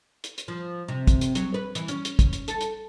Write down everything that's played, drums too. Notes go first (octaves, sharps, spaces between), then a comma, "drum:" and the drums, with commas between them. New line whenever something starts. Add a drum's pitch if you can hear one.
drum: hi-hat
drum: hi-hat
F3
C3
drum: kick, hi-hat
drum: hi-hat
F#3, drum: hi-hat
B4
E3, drum: hi-hat
C#4, drum: hi-hat
drum: hi-hat
drum: kick, hi-hat
drum: hi-hat
A4, drum: hi-hat
drum: hi-hat